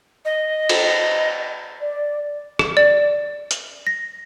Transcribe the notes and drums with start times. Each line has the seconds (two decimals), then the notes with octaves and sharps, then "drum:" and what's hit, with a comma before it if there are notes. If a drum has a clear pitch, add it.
0.25 D#5
0.69 drum: cymbal
1.80 D5
2.59 E7, drum: rim click
2.77 D5
3.51 drum: hi-hat
3.87 A#6